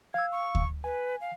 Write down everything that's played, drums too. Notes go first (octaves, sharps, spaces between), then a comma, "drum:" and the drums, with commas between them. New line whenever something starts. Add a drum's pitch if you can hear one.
F5 E6 G#6
C#6
drum: kick D2
B4 G#5
F5